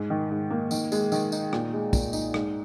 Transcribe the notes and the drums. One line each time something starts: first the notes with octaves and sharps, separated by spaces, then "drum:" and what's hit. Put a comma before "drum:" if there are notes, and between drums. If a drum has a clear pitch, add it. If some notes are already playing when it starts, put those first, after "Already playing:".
Already playing: G#2
D#3
G#2
A#3
D#3, drum: tambourine
G#3, drum: tambourine
D#3, drum: tambourine
D#4, drum: tambourine
A#2, drum: rim click
G#3
A#2, drum: kick, tambourine
D#4, drum: tambourine
G#2, drum: rim click